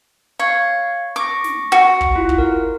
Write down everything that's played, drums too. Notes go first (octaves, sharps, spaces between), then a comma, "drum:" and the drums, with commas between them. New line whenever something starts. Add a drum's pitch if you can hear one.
C#5 F5
C#6 D6 A#6
drum: snare
F#4
drum: kick
E4 F4
drum: kick
A#4